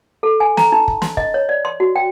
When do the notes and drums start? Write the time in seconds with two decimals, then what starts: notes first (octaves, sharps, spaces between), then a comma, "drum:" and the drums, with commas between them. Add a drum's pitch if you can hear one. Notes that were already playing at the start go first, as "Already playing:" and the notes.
0.23 A4
0.40 G#5
0.57 A#5, drum: snare
0.72 D#4
0.88 drum: kick
1.02 C6, drum: snare
1.17 D#5, drum: kick
1.34 C#5
1.49 D5
1.65 C6
1.80 F#4
1.96 G5